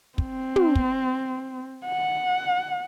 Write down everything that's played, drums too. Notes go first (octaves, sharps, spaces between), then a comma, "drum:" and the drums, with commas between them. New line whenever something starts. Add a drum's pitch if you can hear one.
C4, drum: kick
drum: tom
drum: kick
F#5